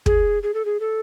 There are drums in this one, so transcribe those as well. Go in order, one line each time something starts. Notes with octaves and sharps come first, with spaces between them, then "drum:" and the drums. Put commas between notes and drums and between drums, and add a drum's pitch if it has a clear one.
G#4, drum: kick
G#4
A4
G#4
A4